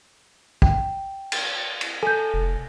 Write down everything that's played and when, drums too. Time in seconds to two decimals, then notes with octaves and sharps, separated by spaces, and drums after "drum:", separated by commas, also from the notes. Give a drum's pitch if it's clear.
0.62 G5, drum: kick
1.32 drum: cymbal
1.81 drum: cymbal
2.03 A4 G#5 G6
2.34 F1